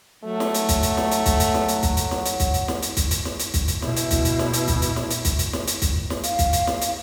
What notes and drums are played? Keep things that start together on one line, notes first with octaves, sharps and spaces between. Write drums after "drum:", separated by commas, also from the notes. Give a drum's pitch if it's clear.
F#3 A3
drum: snare
drum: hi-hat
drum: kick, hi-hat
drum: hi-hat
drum: snare
drum: hi-hat
drum: kick, hi-hat
drum: hi-hat
drum: snare
drum: hi-hat
drum: kick, hi-hat
drum: hi-hat
drum: snare
drum: hi-hat
drum: kick, hi-hat
drum: hi-hat
drum: snare
drum: hi-hat
drum: kick, hi-hat
drum: hi-hat
drum: snare
drum: hi-hat
drum: kick, hi-hat
drum: hi-hat
B2 E4, drum: snare
drum: hi-hat
drum: kick, hi-hat
drum: hi-hat
drum: snare
drum: hi-hat
drum: kick, hi-hat
drum: hi-hat
drum: snare
drum: hi-hat
drum: kick, hi-hat
drum: hi-hat
drum: snare
drum: hi-hat
drum: kick, hi-hat
drum: snare
F5, drum: hi-hat
drum: kick, hi-hat
drum: hi-hat
drum: snare
drum: hi-hat